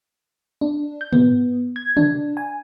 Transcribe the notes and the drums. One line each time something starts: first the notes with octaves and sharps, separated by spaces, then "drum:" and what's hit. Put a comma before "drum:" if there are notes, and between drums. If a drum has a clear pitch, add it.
D4
G6
B3, drum: tom
G#6
D4, drum: tom
G#5